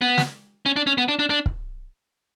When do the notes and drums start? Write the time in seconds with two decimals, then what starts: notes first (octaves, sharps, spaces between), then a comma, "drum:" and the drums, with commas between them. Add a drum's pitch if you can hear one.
0.01 B3
0.18 drum: snare
0.66 C#4
0.76 D4
0.87 C#4
0.98 B3
1.08 D4
1.19 D4
1.30 D4
1.46 drum: kick